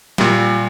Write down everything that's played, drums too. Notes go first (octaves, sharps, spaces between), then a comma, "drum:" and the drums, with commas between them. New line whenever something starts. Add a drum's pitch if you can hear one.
A#2 G3, drum: snare